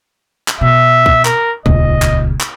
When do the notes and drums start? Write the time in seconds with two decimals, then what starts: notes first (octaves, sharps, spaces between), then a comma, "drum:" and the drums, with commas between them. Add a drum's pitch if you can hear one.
0.48 drum: clap
0.61 B2 E5
1.06 drum: kick
1.25 A#4, drum: clap
1.66 D#1 C#2 D#5, drum: kick
2.02 drum: clap
2.40 drum: clap